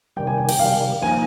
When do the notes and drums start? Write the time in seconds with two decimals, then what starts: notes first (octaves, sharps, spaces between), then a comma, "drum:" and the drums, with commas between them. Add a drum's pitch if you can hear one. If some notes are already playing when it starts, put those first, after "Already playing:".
0.17 C3 D#3 G3 G5
0.27 G#5
0.38 G#5
0.49 G5, drum: cymbal
0.59 C3 D#3 G3 F5
1.02 F3 A#3 D#4 G#5